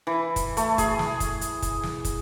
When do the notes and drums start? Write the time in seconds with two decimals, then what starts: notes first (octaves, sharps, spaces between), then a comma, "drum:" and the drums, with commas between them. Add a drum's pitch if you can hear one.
0.07 E3
0.36 drum: kick, hi-hat
0.57 A3, drum: hi-hat
0.78 G#4, drum: kick, hi-hat
0.99 drum: snare
1.20 drum: kick, hi-hat
1.41 drum: hi-hat
1.62 drum: kick, hi-hat
1.83 drum: snare
2.05 drum: kick, hi-hat